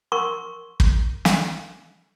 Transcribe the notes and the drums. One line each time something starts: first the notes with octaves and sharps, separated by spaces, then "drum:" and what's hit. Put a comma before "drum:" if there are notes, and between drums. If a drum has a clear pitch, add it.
A#4 C6 C#6
drum: kick
drum: snare